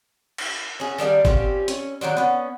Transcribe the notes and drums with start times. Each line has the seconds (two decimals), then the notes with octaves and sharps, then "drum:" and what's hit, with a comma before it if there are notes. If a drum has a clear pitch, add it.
0.38 drum: cymbal
0.80 C#4 G#4
0.98 D#3 G3 D4 F5
1.25 C4 C#4 F4 G4, drum: kick G1
1.68 C#4, drum: hi-hat
2.01 D#3 F3 F#3 D4
2.17 B3 C#4